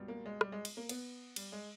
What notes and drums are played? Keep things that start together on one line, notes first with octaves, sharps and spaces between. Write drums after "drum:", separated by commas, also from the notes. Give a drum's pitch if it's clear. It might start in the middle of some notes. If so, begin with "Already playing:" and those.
Already playing: C#2 B2 G3
A#3
G#3
G3, drum: rim click
G#3
drum: cymbal
A#3
B3, drum: cymbal
G3, drum: cymbal
G#3